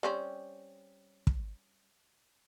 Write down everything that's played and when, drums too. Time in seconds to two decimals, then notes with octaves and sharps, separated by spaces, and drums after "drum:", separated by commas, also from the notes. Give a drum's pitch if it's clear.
0.03 G3 C4 C#4
1.27 drum: kick